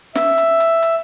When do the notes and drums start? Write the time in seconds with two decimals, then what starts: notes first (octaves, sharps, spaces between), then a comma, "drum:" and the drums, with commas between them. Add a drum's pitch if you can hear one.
0.15 E5, drum: snare
0.38 drum: hi-hat
0.60 drum: hi-hat
0.83 drum: hi-hat